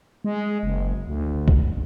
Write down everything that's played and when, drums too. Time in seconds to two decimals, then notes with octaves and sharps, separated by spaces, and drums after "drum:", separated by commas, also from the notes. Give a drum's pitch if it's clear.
0.24 G#3
0.63 F#1
1.08 D2
1.48 drum: kick A#1